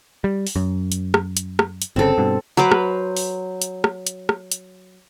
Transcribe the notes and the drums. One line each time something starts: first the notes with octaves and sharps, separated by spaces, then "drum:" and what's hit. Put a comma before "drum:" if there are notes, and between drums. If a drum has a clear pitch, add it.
G3
drum: open hi-hat
F#2
drum: hi-hat
drum: rim click
drum: hi-hat
drum: rim click
drum: hi-hat
G1 A#2 C#3 C4 A4
G2 B2
F#3 B4 C5 D6
drum: rim click
drum: open hi-hat
drum: hi-hat
drum: rim click
drum: hi-hat
drum: rim click
drum: hi-hat